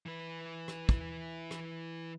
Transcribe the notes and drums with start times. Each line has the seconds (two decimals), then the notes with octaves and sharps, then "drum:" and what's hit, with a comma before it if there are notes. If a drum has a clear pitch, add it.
0.06 E3 B4
0.68 drum: rim click
0.89 drum: kick
1.51 drum: rim click